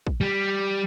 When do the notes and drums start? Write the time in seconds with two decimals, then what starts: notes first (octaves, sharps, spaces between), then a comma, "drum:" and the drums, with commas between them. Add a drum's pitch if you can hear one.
0.07 drum: kick
0.21 G3